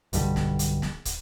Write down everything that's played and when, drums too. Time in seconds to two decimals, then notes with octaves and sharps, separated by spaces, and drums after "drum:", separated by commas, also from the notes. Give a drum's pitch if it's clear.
0.13 B1 G2 D3 G3, drum: hi-hat
0.36 drum: snare
0.59 drum: hi-hat
0.82 drum: snare
1.05 drum: kick, hi-hat